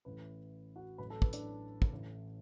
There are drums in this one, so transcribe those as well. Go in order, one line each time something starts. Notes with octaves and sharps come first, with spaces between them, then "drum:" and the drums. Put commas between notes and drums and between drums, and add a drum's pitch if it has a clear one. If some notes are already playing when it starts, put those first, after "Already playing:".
A1 A2 E3 B4
F#4 F#5
A1 A2 F#3 B4 B5
A4 A5
B4, drum: kick
D4 D5, drum: hi-hat
drum: kick
A1 A2 E3